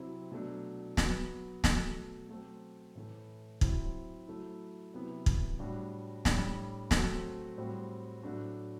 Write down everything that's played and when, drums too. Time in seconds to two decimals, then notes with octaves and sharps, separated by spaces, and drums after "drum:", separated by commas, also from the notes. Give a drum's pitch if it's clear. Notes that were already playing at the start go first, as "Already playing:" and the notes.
Already playing: C3 F#3 C4 E4
0.31 B2 F#3 A3 D4
0.97 F#3 B3 F#4, drum: snare
1.64 B2 F#3 A3, drum: snare
2.29 F#3 A3 C4
2.95 A2 E3 A3
3.61 F#3 C4 E4, drum: kick
4.27 F#3 A3 E4
4.94 C3 F#3 B3 E4
5.26 drum: kick
5.59 A2 G3 D4 F#4
6.25 A2 G3 D4, drum: snare
6.91 F#3 A3 C4 F#4, drum: snare
7.58 A2 G3 C4 F#4
8.23 A2 F#3 A3 D4 F#4